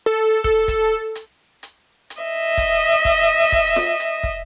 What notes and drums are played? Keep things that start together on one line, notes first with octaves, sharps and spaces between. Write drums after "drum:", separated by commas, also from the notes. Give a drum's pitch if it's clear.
A4
A4, drum: kick
drum: kick, hi-hat
drum: hi-hat
drum: hi-hat
drum: hi-hat
D#5 E5
drum: kick, hi-hat
drum: kick, hi-hat
drum: kick, hi-hat
drum: snare F4
drum: hi-hat
drum: kick